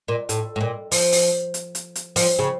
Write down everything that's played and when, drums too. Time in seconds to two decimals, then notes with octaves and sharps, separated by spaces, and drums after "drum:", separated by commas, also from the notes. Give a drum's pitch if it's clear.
0.08 A#2
0.29 A2, drum: hi-hat
0.56 A2
0.61 A#2
0.92 F3, drum: open hi-hat
1.12 drum: open hi-hat
1.54 drum: hi-hat
1.75 drum: hi-hat
1.95 drum: hi-hat
2.16 F3, drum: open hi-hat
2.39 C#3